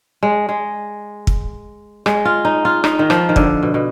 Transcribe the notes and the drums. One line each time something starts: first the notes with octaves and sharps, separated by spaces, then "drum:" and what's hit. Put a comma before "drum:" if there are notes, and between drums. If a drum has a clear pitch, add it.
G#3
G#3
drum: kick
G#3, drum: rim click
F4
D#4
F4
D#4, drum: rim click
D#3
F3, drum: rim click
D#3
D3, drum: kick
B2
B2